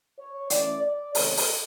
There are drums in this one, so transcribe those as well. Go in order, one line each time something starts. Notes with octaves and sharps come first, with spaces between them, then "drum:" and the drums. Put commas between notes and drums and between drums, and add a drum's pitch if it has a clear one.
C#5
E3 A3 C#4 D5, drum: hi-hat
D5
C3 D#3 G#3 B3 C#5, drum: open hi-hat
drum: open hi-hat